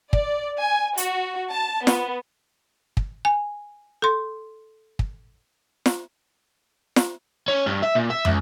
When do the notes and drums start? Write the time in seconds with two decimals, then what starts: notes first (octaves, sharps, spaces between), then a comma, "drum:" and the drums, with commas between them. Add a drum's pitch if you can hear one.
0.13 D5, drum: kick
0.59 G#5
0.97 F#4, drum: hi-hat
1.52 A5
1.87 B3, drum: snare
2.97 drum: kick
3.25 G#5
4.02 A4 C6
4.99 drum: kick
5.86 drum: snare
6.96 drum: snare
7.48 C#4
7.66 G2
7.83 E5
7.95 A#2
8.10 E5
8.25 C#2, drum: tom